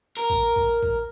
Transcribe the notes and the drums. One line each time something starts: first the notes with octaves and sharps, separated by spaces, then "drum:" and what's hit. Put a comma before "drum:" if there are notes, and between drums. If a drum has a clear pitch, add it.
A#4
drum: kick A1
drum: kick A1
drum: kick A1